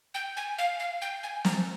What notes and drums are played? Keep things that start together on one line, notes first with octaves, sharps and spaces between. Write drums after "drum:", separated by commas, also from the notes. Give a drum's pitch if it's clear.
G5
G#5
F5
F5
G5
G#5
A#5, drum: snare